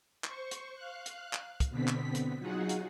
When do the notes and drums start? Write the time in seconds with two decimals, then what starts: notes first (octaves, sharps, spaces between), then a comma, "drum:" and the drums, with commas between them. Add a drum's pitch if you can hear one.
0.24 C5 C#6, drum: clap
0.51 drum: hi-hat
0.75 F5 F#6
1.06 drum: hi-hat
1.33 drum: clap
1.60 drum: kick, hi-hat
1.70 B2 D3 B3 C4 B6
1.88 drum: clap
2.15 drum: hi-hat
2.39 F#3 D#4 F4 F#4 G#4 F#5
2.69 drum: hi-hat